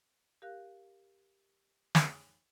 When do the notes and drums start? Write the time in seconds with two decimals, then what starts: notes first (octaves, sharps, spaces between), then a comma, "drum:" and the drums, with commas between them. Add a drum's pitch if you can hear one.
0.42 G4 A#4 F5 F#6
1.95 drum: snare